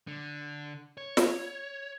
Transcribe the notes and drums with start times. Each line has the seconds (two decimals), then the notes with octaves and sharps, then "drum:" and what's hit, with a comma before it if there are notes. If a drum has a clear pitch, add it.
0.07 D3
0.97 C#5
1.17 drum: snare